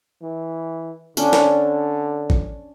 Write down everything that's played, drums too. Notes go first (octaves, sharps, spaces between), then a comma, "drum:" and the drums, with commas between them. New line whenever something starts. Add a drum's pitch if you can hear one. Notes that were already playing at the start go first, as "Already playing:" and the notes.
E3
D3 C#4 D4, drum: tambourine
drum: snare
drum: kick